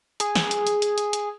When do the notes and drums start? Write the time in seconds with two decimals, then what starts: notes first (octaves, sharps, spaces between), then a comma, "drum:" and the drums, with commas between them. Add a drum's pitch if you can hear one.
0.20 G#4, drum: hi-hat
0.36 drum: snare
0.51 drum: hi-hat
0.67 drum: hi-hat
0.82 drum: hi-hat
0.98 drum: hi-hat
1.13 drum: hi-hat